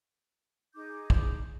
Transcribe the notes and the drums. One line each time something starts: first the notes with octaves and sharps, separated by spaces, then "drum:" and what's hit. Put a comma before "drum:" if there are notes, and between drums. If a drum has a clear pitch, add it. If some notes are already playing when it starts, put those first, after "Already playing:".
D#4 G#4 D6 G6
drum: kick